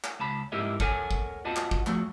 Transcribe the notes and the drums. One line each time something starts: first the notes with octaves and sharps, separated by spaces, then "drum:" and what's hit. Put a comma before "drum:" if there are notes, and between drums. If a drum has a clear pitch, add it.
drum: clap
C#2 A5 B5
G#2 E4 G4 A#4 D#5 E5
A4 A#4 C#5 F#5 G#5, drum: kick
drum: kick
F4 F#4 C5 D#5 F#5 A5
drum: clap
drum: kick
F3 A3 F#4, drum: clap